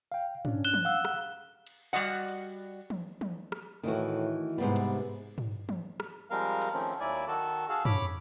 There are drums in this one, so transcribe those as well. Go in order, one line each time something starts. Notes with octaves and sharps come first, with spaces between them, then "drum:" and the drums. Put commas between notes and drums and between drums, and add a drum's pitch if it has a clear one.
F5 G5
C#4 D4, drum: tom
F#6 E7 G7
drum: tom
F5 F#5 E6
drum: rim click
drum: cymbal
G3 F#4 D5 D#5 F#5
drum: cymbal
drum: tom
drum: tom
drum: rim click
A2 D#3 E3 F#4
G#2 C3 G3 B3
drum: cymbal
drum: tom
drum: tom
drum: rim click
F3 G3 G#3 C4 A#4 F5
drum: cymbal
D#3 F3 A3 C4 C#4
D#2 F#3 E4 D5 G#5
D#3 F#4 A4
F#4 G#4 A4 F5
C#5 B5 D6, drum: tom